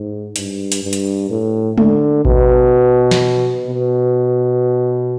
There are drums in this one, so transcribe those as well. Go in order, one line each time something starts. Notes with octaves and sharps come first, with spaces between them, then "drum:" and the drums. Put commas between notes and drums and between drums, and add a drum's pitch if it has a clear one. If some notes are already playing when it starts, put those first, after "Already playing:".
Already playing: G#2
G2, drum: hi-hat
drum: hi-hat
G2
drum: hi-hat
A2
D3, drum: tom G#3
B2, drum: kick A1
drum: snare
B2